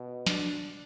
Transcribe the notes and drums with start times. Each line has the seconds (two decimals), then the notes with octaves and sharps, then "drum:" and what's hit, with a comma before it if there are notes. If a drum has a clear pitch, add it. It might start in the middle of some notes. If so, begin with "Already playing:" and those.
Already playing: B2
0.27 D4, drum: snare